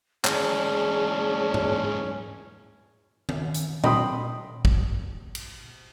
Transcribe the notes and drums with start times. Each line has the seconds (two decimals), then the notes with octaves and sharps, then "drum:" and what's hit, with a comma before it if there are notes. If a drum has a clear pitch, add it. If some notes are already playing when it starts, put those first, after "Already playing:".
0.25 G#2 E3 C#4 G#4 C#5 D5 A5, drum: clap
1.54 drum: tom G#2
3.29 drum: tom D#3
3.54 drum: hi-hat
3.84 D#5 G5 B5 C6 D#6, drum: tom A#2
4.65 drum: kick
5.35 drum: cymbal